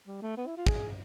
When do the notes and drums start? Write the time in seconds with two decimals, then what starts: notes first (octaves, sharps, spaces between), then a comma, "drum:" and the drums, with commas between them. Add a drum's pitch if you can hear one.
0.07 G3
0.22 A3
0.37 B3
0.47 E4
0.57 F4
0.67 G#4, drum: kick